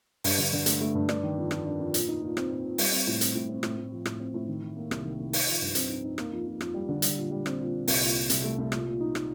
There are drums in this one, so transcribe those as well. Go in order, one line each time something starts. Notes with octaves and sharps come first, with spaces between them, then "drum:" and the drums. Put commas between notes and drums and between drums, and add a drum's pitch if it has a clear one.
G2, drum: open hi-hat
D3
D3
A3, drum: hi-hat
A3
G2
D4, drum: rim click
D#3
F2
F2, drum: rim click
D4
F2
A#2, drum: hi-hat
D#4
A#2
C4, drum: rim click
A#2
A#2
G3, drum: open hi-hat
C4
A2
C4, drum: hi-hat
A2
C4
A2, drum: rim click
A2
F3
A2, drum: rim click
C4
A2
D#3
D#3
A#3
C2, drum: rim click
D#3
C3
D#4, drum: open hi-hat
F3
G2
C4, drum: hi-hat
D#4
D#4
A#3, drum: rim click
F2
F2
F2, drum: rim click
G3
D3
G3, drum: hi-hat
A#2
G3
C4, drum: rim click
A#2
A#2
C2, drum: open hi-hat
A#2
A#2
C2, drum: hi-hat
A3
C2
A#2, drum: rim click
A#2
D#4
D#4, drum: rim click